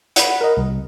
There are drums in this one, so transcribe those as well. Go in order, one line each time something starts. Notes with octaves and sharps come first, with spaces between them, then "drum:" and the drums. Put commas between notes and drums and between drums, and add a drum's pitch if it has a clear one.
F#5 B5, drum: hi-hat
A#4 D#5
C2